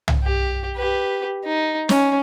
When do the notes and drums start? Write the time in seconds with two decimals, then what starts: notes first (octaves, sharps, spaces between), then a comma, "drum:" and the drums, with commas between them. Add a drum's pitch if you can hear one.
0.08 drum: tom C2
0.23 G4
0.76 G4 B4
1.45 D#4
1.89 C#4, drum: snare